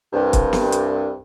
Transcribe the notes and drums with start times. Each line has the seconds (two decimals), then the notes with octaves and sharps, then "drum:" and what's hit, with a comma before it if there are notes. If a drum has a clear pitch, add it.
0.13 C2 G2
0.33 drum: kick, hi-hat
0.53 drum: snare
0.72 drum: hi-hat